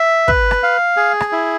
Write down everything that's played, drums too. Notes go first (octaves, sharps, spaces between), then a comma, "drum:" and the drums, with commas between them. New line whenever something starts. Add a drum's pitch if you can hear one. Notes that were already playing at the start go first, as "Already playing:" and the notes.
Already playing: E5
B4, drum: kick
drum: rim click
F5
G#4
drum: rim click
E4